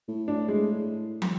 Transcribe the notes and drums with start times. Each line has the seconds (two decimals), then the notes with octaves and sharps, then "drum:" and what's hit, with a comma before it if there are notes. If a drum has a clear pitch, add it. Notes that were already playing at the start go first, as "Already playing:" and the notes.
0.09 A2
0.28 D4
0.48 G#3
1.22 drum: tom